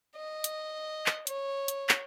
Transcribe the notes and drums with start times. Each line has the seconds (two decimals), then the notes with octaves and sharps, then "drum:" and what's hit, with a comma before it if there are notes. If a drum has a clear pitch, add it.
0.16 D#5
0.44 drum: hi-hat
1.06 drum: clap
1.27 C#5, drum: hi-hat
1.68 drum: hi-hat
1.89 drum: clap